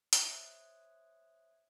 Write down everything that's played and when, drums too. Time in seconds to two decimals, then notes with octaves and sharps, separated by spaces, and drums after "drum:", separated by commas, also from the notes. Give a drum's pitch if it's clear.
0.13 C5 C#5 E5 D#6 F#6 G#6, drum: hi-hat